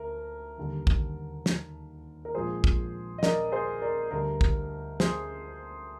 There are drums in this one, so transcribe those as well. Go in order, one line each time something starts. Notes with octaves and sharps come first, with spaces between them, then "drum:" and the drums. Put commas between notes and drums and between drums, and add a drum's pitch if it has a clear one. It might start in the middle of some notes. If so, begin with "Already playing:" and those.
Already playing: D2 A#4
D#2 D3 G3
drum: kick
drum: snare
A#4
A#1 A#2 F3 G#3 G#4 C5
drum: kick
D#5
A#4 D5, drum: snare
G#4 C5
A#4 D5
D2 D3 G3 A#4
drum: kick
G#4 C5, drum: snare